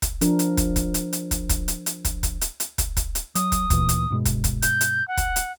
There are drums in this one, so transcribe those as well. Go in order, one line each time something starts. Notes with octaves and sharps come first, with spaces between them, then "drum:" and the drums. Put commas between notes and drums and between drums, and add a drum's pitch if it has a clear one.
drum: kick, hi-hat
F3 D4 A#4, drum: hi-hat
drum: hi-hat
drum: kick, hi-hat
drum: kick, hi-hat
drum: hi-hat
drum: hi-hat
drum: kick, hi-hat
drum: kick, hi-hat
drum: hi-hat
drum: hi-hat
drum: kick, hi-hat
drum: kick, hi-hat
drum: hi-hat
drum: hi-hat
drum: kick, hi-hat
drum: kick, hi-hat
drum: hi-hat
F#3 D#6, drum: hi-hat
drum: kick, hi-hat
D2 A#2 E3, drum: kick, hi-hat
drum: hi-hat
G2 B2 G#3
drum: kick, hi-hat
drum: kick, hi-hat
G6, drum: hi-hat
drum: hi-hat
F#5
drum: kick, hi-hat
drum: hi-hat